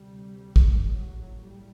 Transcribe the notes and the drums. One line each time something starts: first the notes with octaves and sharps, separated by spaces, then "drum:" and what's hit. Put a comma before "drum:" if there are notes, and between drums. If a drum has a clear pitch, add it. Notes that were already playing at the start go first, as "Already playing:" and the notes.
Already playing: D2 C3 G3
drum: kick
A#1 A2 F#3
G3